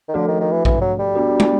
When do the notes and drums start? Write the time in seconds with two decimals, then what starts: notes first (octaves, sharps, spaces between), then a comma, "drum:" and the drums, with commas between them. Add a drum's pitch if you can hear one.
0.08 D#3
0.14 D3 F3 A3 D4 F#4 A4
0.28 D#3
0.40 D#3
0.52 E3
0.65 E3, drum: kick A#1
0.81 F#3
0.99 G3
1.15 B3 D4 F#4
1.40 drum: tom